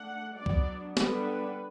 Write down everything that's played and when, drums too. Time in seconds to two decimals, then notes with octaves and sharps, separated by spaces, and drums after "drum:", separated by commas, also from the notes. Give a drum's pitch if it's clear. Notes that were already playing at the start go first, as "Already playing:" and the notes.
Already playing: A3 D4 F#5
0.36 F#3 B3 D4 D5
0.46 drum: kick C2
0.97 D3 G3 B3 D4 B4, drum: snare